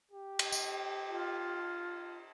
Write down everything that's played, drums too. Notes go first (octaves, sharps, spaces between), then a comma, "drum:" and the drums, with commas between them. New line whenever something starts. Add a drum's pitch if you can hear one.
G4
drum: cymbal
drum: tambourine
F4